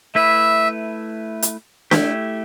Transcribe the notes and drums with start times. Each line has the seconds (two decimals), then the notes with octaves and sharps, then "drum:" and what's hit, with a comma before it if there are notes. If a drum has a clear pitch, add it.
0.15 A3 E4 B4 E5
1.42 drum: hi-hat
1.91 A3 E4 G4, drum: snare D4